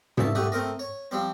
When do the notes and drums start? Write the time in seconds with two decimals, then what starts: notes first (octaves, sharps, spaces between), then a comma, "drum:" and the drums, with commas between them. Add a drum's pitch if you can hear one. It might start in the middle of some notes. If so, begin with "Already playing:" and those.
0.18 C2 E5 A5, drum: tom G#2
0.35 C2 A3 G4 F#5 D#6
0.52 A3 C4 A#4 D#5
0.79 C#5
1.11 F3 G3 C4